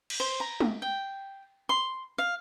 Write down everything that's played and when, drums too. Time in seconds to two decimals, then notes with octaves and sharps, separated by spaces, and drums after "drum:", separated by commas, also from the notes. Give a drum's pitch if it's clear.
0.10 drum: cymbal
0.20 C5
0.40 A#5
0.60 drum: tom G#3
0.82 G5
1.69 C6
2.18 F5